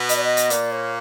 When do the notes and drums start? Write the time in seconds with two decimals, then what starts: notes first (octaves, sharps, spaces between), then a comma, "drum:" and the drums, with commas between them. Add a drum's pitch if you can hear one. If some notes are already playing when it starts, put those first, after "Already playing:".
Already playing: B2 B3
0.09 D#5, drum: hi-hat
0.16 D5
0.24 D#5
0.37 drum: hi-hat
0.50 A#2 A#3 D5, drum: hi-hat
0.71 C#5